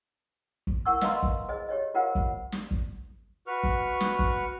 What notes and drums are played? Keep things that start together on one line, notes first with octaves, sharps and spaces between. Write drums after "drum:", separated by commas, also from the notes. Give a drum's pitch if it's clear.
drum: kick
E4 A#4 F#5 C#6 E6
B4 D#5 F5 A#5 C6, drum: snare
drum: kick
G#4 C5 D#5
G4 C#5 D#5
F4 G4 A#4 C5 F5 F#5
drum: kick
drum: snare
drum: kick
F#4 B4 C#6 F6
drum: kick
drum: snare
drum: kick